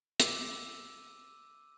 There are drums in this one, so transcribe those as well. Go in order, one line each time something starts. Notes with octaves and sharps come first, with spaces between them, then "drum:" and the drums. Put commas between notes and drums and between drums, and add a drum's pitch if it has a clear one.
D6 E6 D#7, drum: hi-hat